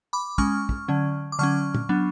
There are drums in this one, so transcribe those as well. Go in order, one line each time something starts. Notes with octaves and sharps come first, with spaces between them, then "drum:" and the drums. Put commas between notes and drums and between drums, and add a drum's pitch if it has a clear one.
B5 D6
G#3 C#4 C#6 F6, drum: kick
drum: kick
D3 F#3 C#4
D6
D3 F#3 C#4 C#6 F6
drum: tom A#2
F#3 B3 D4